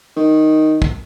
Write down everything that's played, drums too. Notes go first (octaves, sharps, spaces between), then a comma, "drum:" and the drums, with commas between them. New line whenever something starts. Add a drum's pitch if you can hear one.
D#3
drum: kick